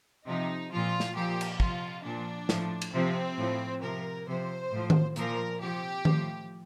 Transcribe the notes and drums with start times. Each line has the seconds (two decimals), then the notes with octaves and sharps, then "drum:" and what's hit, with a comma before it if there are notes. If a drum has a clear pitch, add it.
0.27 C3 F3 D#4
0.71 A#2 F3 F4
1.00 drum: snare
1.16 A#2 F3 G4
1.41 drum: cymbal
1.60 C3 F3 F4, drum: kick
2.05 A#2 F3 D4
2.49 A2 F3, drum: snare
2.82 drum: cymbal
2.93 C3 F3 C4
3.39 A2 F3
3.82 C3 F3 A#4
4.27 C3 F3 C5
4.71 A2 F3
4.90 drum: tom D#3
5.16 A#2 F3 A#4, drum: hi-hat
5.61 C3 F3 G4
6.05 A2 F3, drum: tom D#3